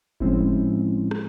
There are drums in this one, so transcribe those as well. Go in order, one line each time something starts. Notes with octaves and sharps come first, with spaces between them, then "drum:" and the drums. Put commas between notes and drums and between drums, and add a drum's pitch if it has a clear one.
A2 F3 G#3 C4 C#4 E4, drum: kick G1
drum: rim click